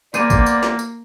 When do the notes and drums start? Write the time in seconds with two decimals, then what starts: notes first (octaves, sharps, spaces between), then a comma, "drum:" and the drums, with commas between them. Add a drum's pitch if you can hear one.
0.14 A#3 B3 C5 D5 G#5, drum: tambourine
0.30 drum: kick, tambourine
0.46 drum: tambourine
0.63 drum: snare
0.79 drum: tambourine